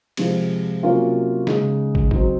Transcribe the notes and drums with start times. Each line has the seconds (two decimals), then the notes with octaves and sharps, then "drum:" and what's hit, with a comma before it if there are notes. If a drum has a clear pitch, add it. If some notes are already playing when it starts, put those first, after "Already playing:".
0.17 C3 F3 G#3, drum: cymbal
0.83 C3 F#3 A#3 C#4 F4
1.47 C#3 G#3 D#4, drum: snare
1.95 drum: kick
2.11 F#3 C4 D#4, drum: kick